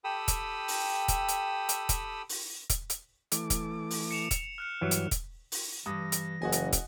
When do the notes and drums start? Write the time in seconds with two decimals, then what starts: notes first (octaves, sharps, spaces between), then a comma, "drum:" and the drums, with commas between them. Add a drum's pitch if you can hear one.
0.04 G4 A4 G5 B5 D#6 E6
0.28 drum: kick, hi-hat
0.68 drum: open hi-hat
1.08 drum: kick, hi-hat
1.29 drum: hi-hat
1.69 drum: hi-hat
1.89 drum: kick, hi-hat
2.29 drum: open hi-hat
2.70 drum: kick, hi-hat
2.90 drum: hi-hat
3.32 E3 A3 D6, drum: hi-hat
3.50 drum: kick, hi-hat
3.91 drum: open hi-hat
4.11 C#7 E7 F7
4.31 drum: kick, hi-hat
4.58 F6 F#6 C#7
4.81 G2 E3 F#3
4.91 drum: hi-hat
5.11 drum: kick, hi-hat
5.52 drum: open hi-hat
5.86 G2 E3 D#6 A#6
6.12 drum: hi-hat
6.42 F#1 F#4 D#5 G#5
6.52 drum: hi-hat
6.73 drum: kick, hi-hat